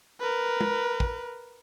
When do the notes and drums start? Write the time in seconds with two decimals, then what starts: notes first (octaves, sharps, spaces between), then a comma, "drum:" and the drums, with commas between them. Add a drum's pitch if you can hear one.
0.21 A#4 B4
0.61 drum: tom
1.00 drum: kick